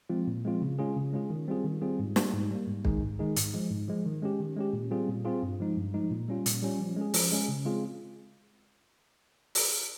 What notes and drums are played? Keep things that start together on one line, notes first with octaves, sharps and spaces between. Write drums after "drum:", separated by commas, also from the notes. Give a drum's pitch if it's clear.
F3 G#3 C4 F4
A#2
F3 G#3 C4 F4
C#3
G#3 C#4 F4 G#4
C#3
G#3 C#4 F4 G#4
D#3
G3 C4 F4 G#4
D#3
G3 C4 F4 G#4
G#2
G3 A#3, drum: snare
G#2
G3 A#3
G#2
D#3 G#3 D#4 G#4, drum: kick
G#2
D#3 G#3 D#4 G#4
G#2, drum: hi-hat
F3 G#3
G#2
F3 G#3
D#3
G#3 C#4 G4
D#3
G#3 C#4 G4
A#2
G3 C4 F4 G#4
A#2
G3 C4 F4 G#4
G2
F3 G#3 D#4
G2
F3 G#3 D#4
A#2
G3 C#4 F4
A#2, drum: hi-hat
G3 C#4 F4
F3
G#3 C#4 G#4
F3, drum: open hi-hat
G#3 C#4 G#4
C#3
G#3 C4 F4 G#4
drum: open hi-hat